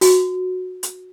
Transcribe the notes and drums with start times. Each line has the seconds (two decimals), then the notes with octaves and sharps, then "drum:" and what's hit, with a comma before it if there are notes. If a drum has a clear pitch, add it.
0.01 F#4, drum: open hi-hat
0.83 drum: hi-hat